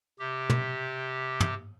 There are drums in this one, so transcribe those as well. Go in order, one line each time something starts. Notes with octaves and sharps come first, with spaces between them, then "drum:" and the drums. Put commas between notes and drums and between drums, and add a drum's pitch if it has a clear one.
C3 G4
drum: tom
drum: tom